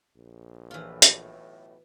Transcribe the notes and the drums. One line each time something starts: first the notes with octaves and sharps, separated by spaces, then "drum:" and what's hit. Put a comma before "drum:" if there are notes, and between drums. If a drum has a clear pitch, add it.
A#1
B1 A2 E3 F4
drum: hi-hat